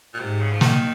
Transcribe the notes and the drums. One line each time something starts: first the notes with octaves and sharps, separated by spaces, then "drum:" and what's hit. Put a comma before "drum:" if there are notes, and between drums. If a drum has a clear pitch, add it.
A#2
G#2 C3
C#3
F3
A#2 D#3, drum: snare